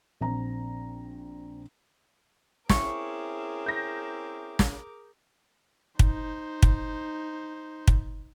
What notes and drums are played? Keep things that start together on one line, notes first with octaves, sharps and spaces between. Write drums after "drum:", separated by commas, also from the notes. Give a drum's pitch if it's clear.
A#1 C4 A#5
C4 C#4 E4 G#4 A#4 C#6 D6, drum: snare
G6 A#6
drum: snare
D#4 C5, drum: kick
drum: kick
drum: kick